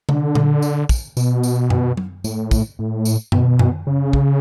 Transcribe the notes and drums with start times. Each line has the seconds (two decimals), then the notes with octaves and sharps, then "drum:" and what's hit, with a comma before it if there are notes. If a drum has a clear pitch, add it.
0.09 D3, drum: tom C3
0.35 drum: tom A#2
0.62 drum: tambourine
0.89 drum: kick, tambourine
1.17 B2, drum: tambourine
1.43 drum: tambourine
1.70 drum: tom F#2
1.97 drum: tom F#3
2.24 A2, drum: tambourine
2.51 drum: kick, tambourine
2.79 A2
3.05 drum: tambourine
3.32 B2, drum: tom F#2
3.59 drum: tom F#2
3.87 C#3
4.13 drum: kick